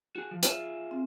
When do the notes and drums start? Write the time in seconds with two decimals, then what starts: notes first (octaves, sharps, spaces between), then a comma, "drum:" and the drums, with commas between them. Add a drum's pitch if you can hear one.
0.16 F#4 G#4
0.31 F3
0.43 F4 G#4 E5, drum: hi-hat
0.91 C4